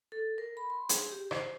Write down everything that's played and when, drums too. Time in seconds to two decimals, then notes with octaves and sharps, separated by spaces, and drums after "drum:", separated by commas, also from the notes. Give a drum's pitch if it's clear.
0.12 A4
0.38 A#4
0.57 B5
0.70 C6
0.89 G#4, drum: hi-hat
1.12 G4
1.31 C5, drum: rim click